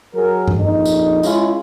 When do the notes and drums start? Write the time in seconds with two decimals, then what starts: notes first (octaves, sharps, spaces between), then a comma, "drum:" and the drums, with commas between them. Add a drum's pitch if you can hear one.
0.15 F#3 G#4 A#4
0.48 drum: tom G2
0.58 A#1 F2 D#4
0.85 drum: tambourine
1.23 G#3 C#4 E4 F4, drum: tambourine